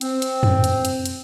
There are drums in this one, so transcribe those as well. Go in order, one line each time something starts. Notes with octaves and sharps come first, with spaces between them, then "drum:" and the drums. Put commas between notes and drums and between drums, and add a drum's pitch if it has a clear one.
C4, drum: hi-hat
drum: hi-hat
drum: tom F2
drum: hi-hat
drum: hi-hat
drum: hi-hat